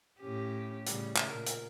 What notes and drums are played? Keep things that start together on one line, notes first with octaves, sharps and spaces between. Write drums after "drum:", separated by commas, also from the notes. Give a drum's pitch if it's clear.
A2 C#4 G4
A2 C#3 G3, drum: hi-hat
drum: clap
A#2 A#4
drum: hi-hat